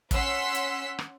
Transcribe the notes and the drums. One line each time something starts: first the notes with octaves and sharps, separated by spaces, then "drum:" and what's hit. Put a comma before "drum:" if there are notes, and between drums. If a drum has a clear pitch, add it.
C#4 F#5 C6 E6 B6, drum: kick, hi-hat
drum: hi-hat
drum: rim click